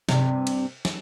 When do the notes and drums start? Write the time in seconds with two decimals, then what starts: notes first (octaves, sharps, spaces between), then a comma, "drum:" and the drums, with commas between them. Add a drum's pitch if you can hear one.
0.09 G2 C3, drum: snare
0.47 drum: cymbal
0.85 drum: snare